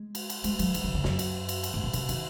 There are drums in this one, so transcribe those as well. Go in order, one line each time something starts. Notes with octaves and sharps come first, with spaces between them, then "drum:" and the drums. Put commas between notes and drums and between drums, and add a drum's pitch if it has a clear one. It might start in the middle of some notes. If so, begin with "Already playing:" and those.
Already playing: G#3
drum: cymbal
drum: cymbal
G#3, drum: cymbal
F#3, drum: cymbal
D#3, drum: cymbal
C#3
C#3
F#2, drum: snare
drum: cymbal
drum: cymbal
drum: cymbal
G#2
A#2
C3, drum: cymbal
D#3, drum: cymbal